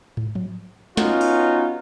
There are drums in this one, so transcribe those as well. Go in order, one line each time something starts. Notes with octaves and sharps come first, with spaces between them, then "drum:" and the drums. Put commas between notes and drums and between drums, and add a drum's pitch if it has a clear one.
drum: tom
drum: tom F3
B3 C#4 D#4 F4 F#4, drum: snare
drum: open hi-hat